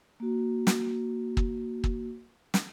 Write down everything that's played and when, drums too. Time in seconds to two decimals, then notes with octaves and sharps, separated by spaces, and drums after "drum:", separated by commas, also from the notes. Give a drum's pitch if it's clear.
0.20 A#3 F#4
0.67 drum: snare
1.37 drum: kick
1.84 drum: kick
2.54 drum: snare